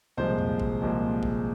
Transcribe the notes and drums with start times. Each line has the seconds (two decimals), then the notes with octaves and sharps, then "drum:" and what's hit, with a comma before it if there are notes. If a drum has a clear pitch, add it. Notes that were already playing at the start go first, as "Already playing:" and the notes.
0.17 C2 A#2 F3 G#3 C5
0.39 drum: tom E2
0.60 drum: kick
0.81 C2 A#2 F3 G#3
1.23 drum: kick